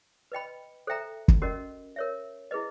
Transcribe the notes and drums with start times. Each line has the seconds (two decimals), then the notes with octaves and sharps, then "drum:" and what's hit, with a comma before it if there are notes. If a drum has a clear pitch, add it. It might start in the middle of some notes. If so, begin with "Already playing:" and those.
0.32 B4 D#5 G5 B5
0.87 A4 C5 E5 G5 A#5
1.28 drum: kick
1.42 C#4 F#4 A#4 D#5
1.96 A#4 C#5 E5
2.51 E4 G#4 B4 D#5